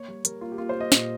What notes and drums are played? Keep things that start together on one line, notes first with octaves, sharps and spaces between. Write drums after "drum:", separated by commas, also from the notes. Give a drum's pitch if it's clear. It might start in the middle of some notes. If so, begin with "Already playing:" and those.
Already playing: A#3 C#5
G3
G3 A#4, drum: hi-hat
A#3 F4
G4
A#3 F4
C5
A#3
D#5
A#2, drum: snare